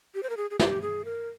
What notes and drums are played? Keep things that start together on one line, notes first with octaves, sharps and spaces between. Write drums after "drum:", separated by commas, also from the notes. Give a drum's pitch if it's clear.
G4
C5
A#4
G#4
G#4
G4, drum: snare
G#4
A#4